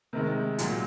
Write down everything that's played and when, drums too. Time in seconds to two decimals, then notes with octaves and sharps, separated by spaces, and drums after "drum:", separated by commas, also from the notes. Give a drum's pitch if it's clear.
0.13 C3 D#3 G#3 A#4
0.58 A#2 F#3, drum: hi-hat